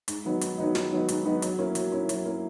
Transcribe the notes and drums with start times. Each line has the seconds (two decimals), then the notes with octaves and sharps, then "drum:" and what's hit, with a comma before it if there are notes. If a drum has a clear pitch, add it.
0.08 G#2, drum: hi-hat
0.25 D#3 F#3 B3 D#4
0.41 G#2, drum: hi-hat
0.58 D#3 F#3 B3 D#4
0.75 G#2, drum: snare
0.91 D#3 F#3 B3 D#4
1.08 G#2, drum: hi-hat
1.25 D#3 F#3 B3 D#4
1.42 F#3, drum: hi-hat
1.59 A#3 C#4 E4
1.75 F#3, drum: hi-hat
1.92 A#3 C#4 E4
2.09 F#3, drum: hi-hat
2.25 A#3 C#4 E4